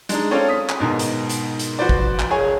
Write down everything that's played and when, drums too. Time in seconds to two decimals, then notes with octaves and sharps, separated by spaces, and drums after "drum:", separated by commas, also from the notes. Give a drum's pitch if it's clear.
0.09 G#3 D4 D#4, drum: hi-hat
0.31 C4 C#4 F4 A4 C#5 D5
0.48 D#6 B6
0.69 drum: clap
0.80 G#2 B2 D#3
0.99 drum: hi-hat
1.29 drum: hi-hat
1.59 drum: hi-hat
1.79 F3 F#4 B4 C5 D5
1.89 drum: kick
2.19 drum: clap
2.30 E1 G#4 C#5 G#5